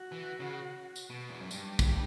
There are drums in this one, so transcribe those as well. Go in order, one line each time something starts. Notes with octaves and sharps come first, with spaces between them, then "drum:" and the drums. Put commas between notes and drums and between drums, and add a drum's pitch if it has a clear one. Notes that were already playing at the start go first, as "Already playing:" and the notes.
Already playing: F#4
E3
C#3
drum: tambourine
B2
E2
F#2
G2 G4, drum: tambourine
drum: kick, tambourine